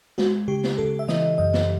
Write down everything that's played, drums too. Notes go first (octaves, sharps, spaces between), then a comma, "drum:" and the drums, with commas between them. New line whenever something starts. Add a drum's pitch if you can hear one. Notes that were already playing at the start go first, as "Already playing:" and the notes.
G#3 F#4, drum: snare
C#3 G4
drum: snare
C#3 A4
E5
E3 D#5, drum: snare
F#2 D#5
drum: snare